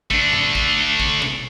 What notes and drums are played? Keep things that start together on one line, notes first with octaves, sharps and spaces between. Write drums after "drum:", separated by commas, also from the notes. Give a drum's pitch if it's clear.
A3 D4, drum: kick
drum: tom G#2
drum: kick
drum: kick
drum: tom A#2